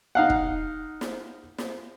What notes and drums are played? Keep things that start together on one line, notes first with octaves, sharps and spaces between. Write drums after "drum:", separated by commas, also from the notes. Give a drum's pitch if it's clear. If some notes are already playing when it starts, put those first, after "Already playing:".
D#4 F5 F#5
drum: kick
drum: snare
drum: snare